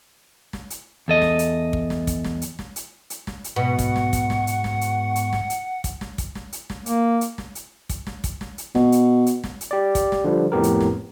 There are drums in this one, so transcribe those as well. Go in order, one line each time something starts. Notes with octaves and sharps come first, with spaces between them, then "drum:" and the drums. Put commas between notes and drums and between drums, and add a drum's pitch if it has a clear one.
drum: snare
drum: hi-hat
E2 A4 D#5
drum: snare
drum: hi-hat
drum: kick
drum: snare
drum: kick, hi-hat
drum: snare
drum: hi-hat
drum: snare
drum: hi-hat
drum: hi-hat
drum: snare
drum: hi-hat
G#2 B2 F#5 C#6
drum: kick, hi-hat
drum: snare
drum: kick, hi-hat
drum: snare
drum: hi-hat
drum: snare
drum: hi-hat
drum: hi-hat
drum: snare
drum: hi-hat
drum: kick, hi-hat
drum: snare
drum: kick, hi-hat
drum: snare
drum: hi-hat
drum: snare
A#3, drum: hi-hat
drum: hi-hat
drum: snare
drum: hi-hat
drum: kick, hi-hat
drum: snare
drum: kick, hi-hat
drum: snare
drum: hi-hat
B2, drum: snare
drum: hi-hat
drum: hi-hat
drum: snare
drum: hi-hat
G4 D5
drum: kick, hi-hat
drum: snare
D3 F3 G3
F2 A2 B3 G4 A#4
drum: hi-hat
drum: snare